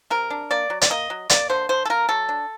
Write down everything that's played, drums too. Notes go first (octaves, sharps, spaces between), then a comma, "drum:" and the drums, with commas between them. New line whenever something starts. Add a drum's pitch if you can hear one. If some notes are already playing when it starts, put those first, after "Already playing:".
C3 A#4
D4
A#3 D5
F#3
D5, drum: hi-hat
A#3 D#5
F#3
A#3 D5, drum: hi-hat
D3 C5
D3 C5
A4
A#3 A#4
F#3 A4
D4